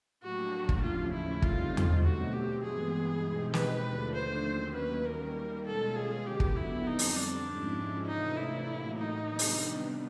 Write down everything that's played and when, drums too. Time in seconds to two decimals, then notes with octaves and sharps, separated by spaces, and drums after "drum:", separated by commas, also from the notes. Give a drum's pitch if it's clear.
0.22 A2 F#3 A#3 D4 F#4 G4
0.69 drum: kick
0.82 D#2 C#3 F3 A3 C#4 F4
1.13 E4
1.42 D3 G3 C4 D#4 F4, drum: kick
1.77 drum: tom E2
2.03 B2 F#3 A3 C4 F#4
2.33 G4
2.63 G2 E3 G#3 B3 G#4
3.24 B2 G#3 C4 D#4 G4
3.54 B4, drum: snare
3.84 D#2 D3 F3 A3 D4
4.15 C5
4.44 D#2 D#3 F#3 A#3 C#4
4.75 B4
5.04 D#3 G3 A#3 A#4
5.65 B2 G#3 C#4 F4 A4
5.96 G#4
6.25 D3 F#3 B3 G4
6.40 drum: kick
6.56 E4
6.86 F2 D3 G3 C4 D#4
6.99 drum: open hi-hat
7.16 D4
7.46 G#2 F3 G#3 C#4 E4
8.06 C3 E3 A3 D4 D#4 F4
8.37 E4
8.67 A2 F#3 A#3
8.97 D#4
9.28 C3 D#3 G3 B3 D4
9.39 drum: open hi-hat